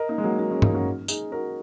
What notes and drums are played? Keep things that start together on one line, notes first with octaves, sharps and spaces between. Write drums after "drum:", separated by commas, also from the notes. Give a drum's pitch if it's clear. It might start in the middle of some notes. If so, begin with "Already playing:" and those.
Already playing: A#4 D#5
A#3 D#4
G#3
F#3 A#3
F#3 A#3
G#3 C#4
A#3 D#4, drum: tom G2
C#4 F#4
D#4 G#4, drum: tambourine
F#4 A#4